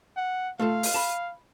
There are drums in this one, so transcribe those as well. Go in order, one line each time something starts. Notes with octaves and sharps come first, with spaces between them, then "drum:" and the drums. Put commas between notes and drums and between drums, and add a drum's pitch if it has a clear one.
F#5
A3 F4 A4 F5
drum: open hi-hat
A5 B5